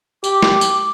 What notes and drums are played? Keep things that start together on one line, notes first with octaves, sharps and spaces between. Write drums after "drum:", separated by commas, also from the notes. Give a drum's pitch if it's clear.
G4 D6, drum: tambourine
drum: snare
drum: tambourine